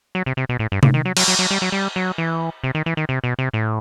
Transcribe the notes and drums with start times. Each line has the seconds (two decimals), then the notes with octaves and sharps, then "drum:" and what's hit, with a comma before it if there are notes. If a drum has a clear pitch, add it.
0.15 F#3
0.26 C3
0.37 C3
0.49 B2
0.59 A2
0.72 G2
0.83 A2, drum: tom C3
0.94 D#3
1.05 F#3
1.17 F#3, drum: cymbal
1.28 F#3
1.39 F#3
1.51 G3
1.62 F#3
1.72 G3
1.96 F#3
2.18 E3
2.64 C3
2.75 D#3
2.86 E3
2.97 D#3
3.09 C3
3.24 B2
3.39 C3
3.54 A2